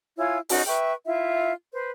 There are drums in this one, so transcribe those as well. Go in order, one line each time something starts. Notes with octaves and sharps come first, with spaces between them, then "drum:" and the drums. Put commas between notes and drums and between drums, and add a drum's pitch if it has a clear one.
E4 F4 C#5 G#5
C#4 D#4 F#4 D#5, drum: open hi-hat
B4 E5 G5 C#6
E4 F4 E5
B4 C5